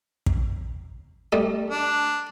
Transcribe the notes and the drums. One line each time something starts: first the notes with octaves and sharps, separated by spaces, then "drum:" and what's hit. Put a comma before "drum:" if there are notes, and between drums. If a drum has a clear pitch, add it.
drum: kick
G3 A3 D#5
D4